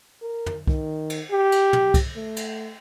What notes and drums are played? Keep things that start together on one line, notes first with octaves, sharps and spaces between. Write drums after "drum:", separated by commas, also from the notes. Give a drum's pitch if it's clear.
A#4
drum: tom
D#3, drum: kick C2
drum: cymbal
G4
drum: cymbal
drum: tom
drum: kick C2, cymbal
A3
drum: cymbal